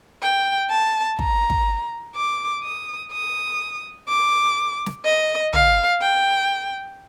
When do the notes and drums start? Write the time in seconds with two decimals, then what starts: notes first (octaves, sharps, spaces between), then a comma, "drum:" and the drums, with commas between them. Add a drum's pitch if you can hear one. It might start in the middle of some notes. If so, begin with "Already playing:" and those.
0.22 G5
0.70 A5
1.19 A#5, drum: kick
1.50 drum: kick
2.16 D6
2.64 D#6
3.12 D#6
4.08 D6
4.86 drum: snare
5.05 D#5
5.53 F5, drum: tom
6.02 G5